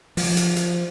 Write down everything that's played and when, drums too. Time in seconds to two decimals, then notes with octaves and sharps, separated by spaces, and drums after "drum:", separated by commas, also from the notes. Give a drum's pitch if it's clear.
0.17 F3, drum: open hi-hat
0.37 drum: hi-hat
0.56 drum: hi-hat